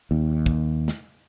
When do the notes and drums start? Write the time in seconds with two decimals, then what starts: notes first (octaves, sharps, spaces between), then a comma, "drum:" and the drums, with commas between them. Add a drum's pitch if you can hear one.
0.11 D#2
0.46 drum: kick
0.88 drum: snare